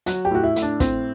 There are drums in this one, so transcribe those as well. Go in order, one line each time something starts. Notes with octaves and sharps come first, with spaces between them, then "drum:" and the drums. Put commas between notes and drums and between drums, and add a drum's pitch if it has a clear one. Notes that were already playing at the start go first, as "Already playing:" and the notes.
F#3 F#4, drum: hi-hat
G4
A2 F#4
E4
A2, drum: hi-hat
D4
A2 C4, drum: kick, hi-hat